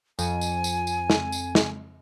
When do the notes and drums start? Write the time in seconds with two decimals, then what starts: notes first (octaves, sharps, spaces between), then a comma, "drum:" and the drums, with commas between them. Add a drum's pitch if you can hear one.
0.19 F2 G#5, drum: tambourine
0.41 drum: tambourine
0.64 drum: tambourine
0.87 drum: tambourine
1.10 drum: snare
1.32 drum: tambourine
1.55 drum: snare